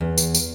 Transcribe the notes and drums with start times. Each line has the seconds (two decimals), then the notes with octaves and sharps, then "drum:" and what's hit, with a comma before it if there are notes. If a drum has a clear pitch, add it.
0.01 E2
0.18 drum: tambourine
0.35 drum: tambourine